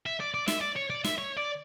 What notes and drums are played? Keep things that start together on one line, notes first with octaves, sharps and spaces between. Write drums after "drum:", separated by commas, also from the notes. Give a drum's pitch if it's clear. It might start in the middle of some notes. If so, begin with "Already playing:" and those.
E5
D5
D5
E5, drum: snare
D5
C#5
D5
E5, drum: snare
C#5
D5